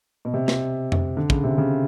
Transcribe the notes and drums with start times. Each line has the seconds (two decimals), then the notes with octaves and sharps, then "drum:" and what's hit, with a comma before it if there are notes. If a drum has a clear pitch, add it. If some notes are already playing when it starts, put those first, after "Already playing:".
0.25 B2
0.34 C3
0.48 drum: snare
0.92 drum: tom F2
1.17 D3
1.30 C#3, drum: kick
1.44 C3
1.58 C#3